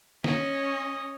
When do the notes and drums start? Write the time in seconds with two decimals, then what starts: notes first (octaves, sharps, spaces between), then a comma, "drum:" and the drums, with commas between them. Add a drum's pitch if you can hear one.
0.24 C#4 D#5 D#6, drum: snare